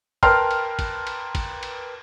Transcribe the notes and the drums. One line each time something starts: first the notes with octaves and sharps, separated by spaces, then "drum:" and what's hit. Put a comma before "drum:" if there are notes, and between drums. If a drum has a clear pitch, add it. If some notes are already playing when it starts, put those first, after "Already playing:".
A#4 B4 G5 A5 C6 F6, drum: kick, cymbal
drum: cymbal
drum: kick, cymbal
drum: cymbal
drum: kick, cymbal
drum: cymbal